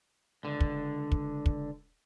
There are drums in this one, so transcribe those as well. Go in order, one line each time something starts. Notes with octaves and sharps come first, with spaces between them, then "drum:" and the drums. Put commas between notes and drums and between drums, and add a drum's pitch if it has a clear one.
C#2 D3
drum: kick
drum: kick
drum: kick